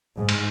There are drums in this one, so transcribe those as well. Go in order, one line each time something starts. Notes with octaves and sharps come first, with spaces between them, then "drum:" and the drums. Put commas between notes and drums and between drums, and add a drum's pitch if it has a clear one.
G#2
drum: cymbal